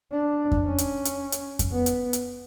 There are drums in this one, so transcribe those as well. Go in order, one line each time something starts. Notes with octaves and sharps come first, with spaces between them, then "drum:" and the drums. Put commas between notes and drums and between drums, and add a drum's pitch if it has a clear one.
D4
drum: kick F2
C#4
drum: hi-hat
drum: hi-hat
drum: hi-hat
drum: kick F2, hi-hat
B3
drum: hi-hat
drum: hi-hat